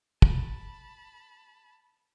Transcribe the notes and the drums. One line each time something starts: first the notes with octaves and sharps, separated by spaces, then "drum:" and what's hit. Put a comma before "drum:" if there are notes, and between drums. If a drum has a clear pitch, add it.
A5 B5, drum: kick